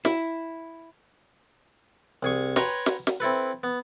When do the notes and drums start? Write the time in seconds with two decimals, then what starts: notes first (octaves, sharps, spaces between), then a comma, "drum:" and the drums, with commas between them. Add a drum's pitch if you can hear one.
0.05 E4, drum: snare
2.23 C2 G#4 C#6
2.56 B4 C#5 G5 G#5 A#5 C6, drum: snare
2.86 drum: snare
3.07 drum: snare
3.20 C4 E4 A4 B4
3.63 B3